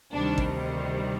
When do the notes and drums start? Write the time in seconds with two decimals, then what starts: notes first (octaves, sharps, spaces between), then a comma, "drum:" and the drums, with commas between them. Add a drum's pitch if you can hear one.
0.12 D2 C3 D#3 G3 D4
0.38 drum: kick A1